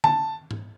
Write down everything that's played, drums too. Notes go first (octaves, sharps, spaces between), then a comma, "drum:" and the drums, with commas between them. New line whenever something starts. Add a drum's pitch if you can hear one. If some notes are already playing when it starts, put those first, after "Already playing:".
A5, drum: tom D3
drum: tom G#2